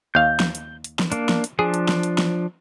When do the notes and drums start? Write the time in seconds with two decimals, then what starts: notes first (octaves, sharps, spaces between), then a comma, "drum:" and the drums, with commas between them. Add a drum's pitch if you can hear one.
0.15 D#2 F5 G6
0.40 drum: snare
0.55 drum: hi-hat
0.84 drum: hi-hat
0.99 drum: snare
1.12 A#3 D4, drum: hi-hat
1.29 drum: snare
1.44 drum: hi-hat
1.59 F3 D4 G#4
1.74 drum: hi-hat
1.89 drum: snare
2.03 drum: hi-hat
2.18 drum: snare